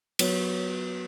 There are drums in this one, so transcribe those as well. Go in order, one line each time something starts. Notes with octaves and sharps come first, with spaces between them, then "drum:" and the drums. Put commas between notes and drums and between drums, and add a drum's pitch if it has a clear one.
F#3 B3 F#4 C#5, drum: cymbal